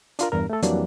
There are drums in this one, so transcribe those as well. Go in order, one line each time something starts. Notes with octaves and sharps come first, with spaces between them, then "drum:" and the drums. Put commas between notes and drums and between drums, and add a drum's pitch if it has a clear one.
D4 F4 A#4, drum: hi-hat
E2 G2 A#4
A3 A4
F2 E3 F#3 G3 A#3 D4, drum: hi-hat